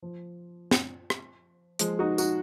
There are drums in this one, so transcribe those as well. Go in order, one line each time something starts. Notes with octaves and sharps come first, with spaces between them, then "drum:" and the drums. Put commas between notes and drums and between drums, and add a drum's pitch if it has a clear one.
F3
drum: snare
drum: rim click
F3 G#3, drum: hi-hat
D#4 F#4
D#4 F#4, drum: tambourine